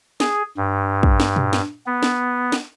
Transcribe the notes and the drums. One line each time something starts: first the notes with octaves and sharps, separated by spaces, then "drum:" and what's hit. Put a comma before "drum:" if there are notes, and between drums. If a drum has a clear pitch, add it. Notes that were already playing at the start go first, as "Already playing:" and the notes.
G#4, drum: snare
G2
drum: kick
drum: snare
drum: tom A#2
drum: snare
B3
drum: snare
drum: snare